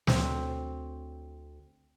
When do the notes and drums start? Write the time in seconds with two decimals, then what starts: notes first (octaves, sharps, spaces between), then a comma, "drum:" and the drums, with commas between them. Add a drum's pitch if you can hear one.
0.07 D2 C4 C#5, drum: snare